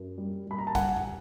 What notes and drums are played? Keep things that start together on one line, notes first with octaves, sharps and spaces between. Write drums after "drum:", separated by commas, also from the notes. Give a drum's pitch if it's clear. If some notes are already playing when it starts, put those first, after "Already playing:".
Already playing: F#2
G3
G3 B5
A#5
A5
G3 F#5 G#5, drum: kick, hi-hat
drum: tom E2